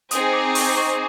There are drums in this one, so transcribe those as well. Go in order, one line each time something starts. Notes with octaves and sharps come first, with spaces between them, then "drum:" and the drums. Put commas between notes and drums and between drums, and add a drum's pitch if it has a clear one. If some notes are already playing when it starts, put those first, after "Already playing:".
C4 D#4 G#4 D#6, drum: hi-hat
D6
C#6, drum: open hi-hat
C#6